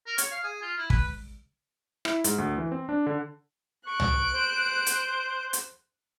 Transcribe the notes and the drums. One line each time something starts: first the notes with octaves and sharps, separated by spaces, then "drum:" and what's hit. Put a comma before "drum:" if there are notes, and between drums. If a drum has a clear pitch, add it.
A#4
C#5, drum: hi-hat
F5
G#4
F4
E4
B4, drum: kick
E4, drum: rim click
G#2, drum: hi-hat
D2
E3
C4
D4
D3
C#6 F#6 D7
drum: tom
C5
drum: hi-hat
drum: hi-hat